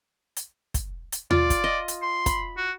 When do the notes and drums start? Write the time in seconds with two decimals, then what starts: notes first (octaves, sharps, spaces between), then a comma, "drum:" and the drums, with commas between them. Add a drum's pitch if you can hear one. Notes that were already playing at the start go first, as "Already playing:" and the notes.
0.36 drum: hi-hat
0.74 drum: kick, hi-hat
1.12 drum: hi-hat
1.31 F4 D5, drum: tom D#2
1.50 drum: kick, hi-hat
1.64 D#5
1.88 drum: hi-hat
2.02 C6
2.26 B5, drum: kick, hi-hat
2.57 F#4